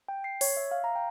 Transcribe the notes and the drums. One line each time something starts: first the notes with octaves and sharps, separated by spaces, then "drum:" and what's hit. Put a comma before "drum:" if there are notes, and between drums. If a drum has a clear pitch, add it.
G5
C7
C#5, drum: open hi-hat
E5
F5
A#5
G5